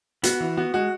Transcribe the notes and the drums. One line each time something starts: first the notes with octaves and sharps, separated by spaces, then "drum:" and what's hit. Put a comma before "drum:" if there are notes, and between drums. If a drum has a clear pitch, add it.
B3 F#4, drum: hi-hat
E3
B3 F#4
G#3 F#4